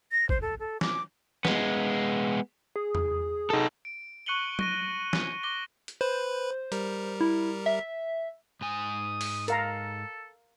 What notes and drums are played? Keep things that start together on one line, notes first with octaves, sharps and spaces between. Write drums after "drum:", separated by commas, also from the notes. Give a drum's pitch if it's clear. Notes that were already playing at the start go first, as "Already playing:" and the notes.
A#6
C5, drum: kick
A4
A4
D6, drum: snare
G#3 B3, drum: snare
G#4
drum: tom E2
D#4 A4
D7
C#6 F#6 C#7 D#7 F#7 G7
C#6 A#6 D#7, drum: tom F#3
drum: snare
D6 A#6 G7
drum: hi-hat
B4 C5
G3 A#4, drum: hi-hat
E4
E5
G#2 G#5 D#6
drum: open hi-hat
A4 A#4 F5 A#5, drum: hi-hat